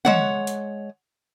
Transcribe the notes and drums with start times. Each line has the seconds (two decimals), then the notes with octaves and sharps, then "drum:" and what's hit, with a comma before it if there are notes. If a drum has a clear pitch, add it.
0.05 G#3 C#5 F#5, drum: tom
0.47 drum: hi-hat